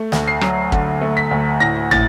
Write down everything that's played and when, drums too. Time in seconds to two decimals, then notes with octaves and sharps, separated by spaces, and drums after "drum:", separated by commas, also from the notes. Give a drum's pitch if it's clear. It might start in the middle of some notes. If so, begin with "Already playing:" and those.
Already playing: A3
0.12 D2, drum: snare
0.27 C7
0.41 F#3, drum: rim click
0.72 D3, drum: kick
1.01 A3
1.17 B6
1.31 D2
1.60 A2 A#6
1.91 A2 A6, drum: tom